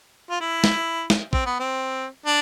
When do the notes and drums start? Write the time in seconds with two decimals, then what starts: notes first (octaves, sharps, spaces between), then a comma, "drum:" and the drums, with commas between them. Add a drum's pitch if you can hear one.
0.30 F4
0.40 E4
0.64 drum: snare
1.10 drum: snare
1.33 C4, drum: kick
1.46 B3
1.59 C4
2.26 D4